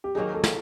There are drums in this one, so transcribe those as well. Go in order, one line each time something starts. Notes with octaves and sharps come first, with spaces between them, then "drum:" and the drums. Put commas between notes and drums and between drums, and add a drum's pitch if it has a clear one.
G4
D#3 F#3 A#3 D#4 G#4
A4
drum: snare